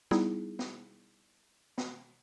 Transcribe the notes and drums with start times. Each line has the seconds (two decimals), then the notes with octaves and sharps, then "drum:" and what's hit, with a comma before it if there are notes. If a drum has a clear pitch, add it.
0.11 G3 B3 D#4 E4 G#4, drum: snare
0.59 drum: snare
1.78 drum: snare